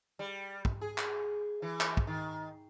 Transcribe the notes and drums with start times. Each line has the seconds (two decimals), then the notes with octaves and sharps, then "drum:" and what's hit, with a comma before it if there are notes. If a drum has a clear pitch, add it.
0.19 G3
0.65 drum: kick
0.81 G#4
0.98 drum: clap
1.62 E3
1.81 drum: clap
1.97 drum: kick
2.07 D#3